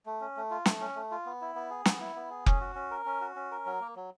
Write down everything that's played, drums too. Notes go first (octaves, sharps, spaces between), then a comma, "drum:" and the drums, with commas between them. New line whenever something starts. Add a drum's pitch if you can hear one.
A3
C#4
A3
F4
A3, drum: snare
C#4
A3
F4
B3
E4
B3
G#4
B3, drum: snare
E4
B3
G#4
C#4, drum: kick F1
F#4
C#4
A#4
C#4
F#4
C#4
A#4
F#3
A#3
F#3